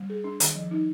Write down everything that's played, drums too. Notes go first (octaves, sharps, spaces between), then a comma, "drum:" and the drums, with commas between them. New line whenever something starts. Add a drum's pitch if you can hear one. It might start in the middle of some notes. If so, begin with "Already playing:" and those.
Already playing: G3
G#4
D4
D#3, drum: hi-hat
F3
D#4